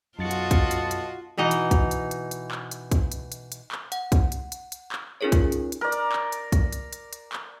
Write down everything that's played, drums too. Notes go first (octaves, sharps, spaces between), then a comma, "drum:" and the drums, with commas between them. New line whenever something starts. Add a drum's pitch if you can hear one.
B1 F#2 F4 F#4 D#5 A5 A6 C#7
drum: hi-hat
drum: kick, hi-hat
drum: hi-hat
drum: hi-hat
B2 E3 D#4 D#5
drum: hi-hat
drum: kick, hi-hat
drum: hi-hat
drum: hi-hat
drum: hi-hat
drum: clap
drum: hi-hat
drum: kick, hi-hat
drum: hi-hat
drum: hi-hat
drum: hi-hat
drum: clap
F#5, drum: hi-hat
drum: kick, hi-hat
drum: hi-hat
drum: hi-hat
drum: hi-hat
drum: clap
C#4 D#4 F4 G#4 A#4 C#5
drum: kick, hi-hat
drum: hi-hat
drum: hi-hat
A#4 D5
drum: hi-hat
drum: clap
drum: hi-hat
drum: kick, hi-hat
drum: hi-hat
drum: hi-hat
drum: hi-hat
drum: clap